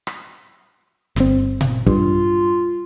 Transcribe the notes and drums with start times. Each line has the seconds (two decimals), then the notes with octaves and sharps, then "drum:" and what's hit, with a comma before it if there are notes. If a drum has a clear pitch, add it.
0.07 drum: rim click
1.16 G1 C4, drum: snare
1.61 drum: tom A#2
1.87 G2 F4, drum: kick